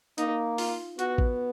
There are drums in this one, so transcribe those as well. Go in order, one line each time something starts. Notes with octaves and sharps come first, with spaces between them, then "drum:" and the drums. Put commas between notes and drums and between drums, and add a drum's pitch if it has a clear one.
A#3 D#4, drum: hi-hat
F4, drum: open hi-hat
B3 F#4, drum: hi-hat
drum: kick A1